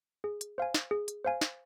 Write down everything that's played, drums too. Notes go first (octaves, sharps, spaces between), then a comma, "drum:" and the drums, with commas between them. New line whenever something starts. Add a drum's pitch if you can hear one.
G#4
drum: hi-hat
C5 F5 G#5
drum: snare
G#4
drum: hi-hat
C5 F5 G#5
drum: snare